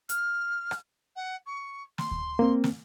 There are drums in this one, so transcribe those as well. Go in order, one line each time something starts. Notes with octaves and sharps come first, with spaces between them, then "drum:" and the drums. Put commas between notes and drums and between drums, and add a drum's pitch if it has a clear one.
F6, drum: hi-hat
drum: rim click
F#5
C#6
C6, drum: snare
drum: kick D2
A#3 C4
drum: snare